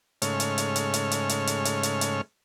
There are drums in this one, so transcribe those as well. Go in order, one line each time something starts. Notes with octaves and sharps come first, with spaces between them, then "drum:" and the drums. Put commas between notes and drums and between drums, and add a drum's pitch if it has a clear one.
G#2 C#3 A3 C#5 F6, drum: hi-hat
drum: hi-hat
drum: hi-hat
drum: hi-hat
drum: hi-hat
drum: hi-hat
drum: hi-hat
drum: hi-hat
drum: hi-hat
drum: hi-hat
drum: hi-hat